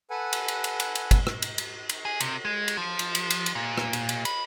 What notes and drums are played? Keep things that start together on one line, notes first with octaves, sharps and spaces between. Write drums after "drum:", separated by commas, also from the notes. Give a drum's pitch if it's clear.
A4 B4 F#5 G#5
drum: cymbal
drum: cymbal
drum: cymbal
drum: cymbal
drum: cymbal
drum: kick, cymbal
drum: rim click
drum: cymbal
drum: cymbal
drum: cymbal
G#4
C3, drum: cymbal
G#3
drum: cymbal
F3
drum: cymbal
drum: cymbal
drum: cymbal
drum: cymbal
A#2
drum: rim click
drum: cymbal
drum: cymbal
B5, drum: cymbal